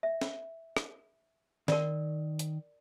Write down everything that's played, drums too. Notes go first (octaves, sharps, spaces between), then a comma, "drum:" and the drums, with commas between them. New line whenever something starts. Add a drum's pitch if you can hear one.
E5
drum: snare
drum: rim click
D#3 A#4 D5 C6, drum: snare
drum: hi-hat